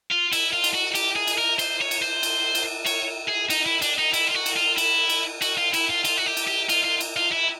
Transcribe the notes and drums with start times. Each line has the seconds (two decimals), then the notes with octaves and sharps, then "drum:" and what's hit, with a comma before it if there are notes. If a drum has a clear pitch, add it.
0.11 F4
0.32 E4, drum: cymbal
0.53 F4
0.64 drum: cymbal
0.74 F#4
0.95 G4, drum: cymbal
1.16 G#4
1.27 drum: cymbal
1.38 A#4
1.59 C5, drum: cymbal
1.81 C#5
1.91 drum: cymbal
2.02 C5
2.23 drum: cymbal
2.55 drum: cymbal
2.86 C#5, drum: cymbal
3.29 G#4
3.50 D#4, drum: cymbal
3.66 E4
3.82 D4, drum: cymbal
3.99 D#4
4.14 E4, drum: cymbal
4.27 F4
4.35 F#4
4.46 drum: cymbal
4.57 F4
4.78 E4, drum: cymbal
5.09 drum: cymbal
5.42 F#4, drum: cymbal
5.57 F4
5.73 E4, drum: cymbal
5.89 F4
6.05 F4, drum: cymbal
6.17 F#4
6.26 G4
6.37 drum: cymbal
6.47 G4
6.69 F4, drum: cymbal
6.84 F4
7.00 drum: cymbal
7.17 F4
7.32 E4